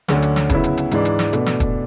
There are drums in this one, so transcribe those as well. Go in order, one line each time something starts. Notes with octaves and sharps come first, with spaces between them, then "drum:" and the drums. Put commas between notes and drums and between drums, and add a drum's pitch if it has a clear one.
D2 D3 F#3 C#4, drum: snare
drum: hi-hat
drum: snare
C#3 F#3 B3 E4, drum: kick E1, hi-hat
drum: hi-hat
drum: hi-hat
G#2 E3 G#3 D4, drum: hi-hat
drum: hi-hat
drum: snare
B2 A3 D4, drum: hi-hat
drum: snare
drum: kick E1, hi-hat